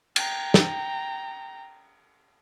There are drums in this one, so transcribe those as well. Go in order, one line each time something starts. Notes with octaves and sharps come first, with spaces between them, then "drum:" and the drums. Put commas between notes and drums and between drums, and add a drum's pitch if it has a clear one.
G5 A#5, drum: cymbal
drum: snare